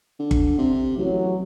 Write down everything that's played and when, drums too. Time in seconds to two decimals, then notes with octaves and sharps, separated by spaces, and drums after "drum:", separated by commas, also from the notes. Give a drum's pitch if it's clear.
0.19 D3
0.31 drum: kick G1
0.58 C3
0.97 A1 F#3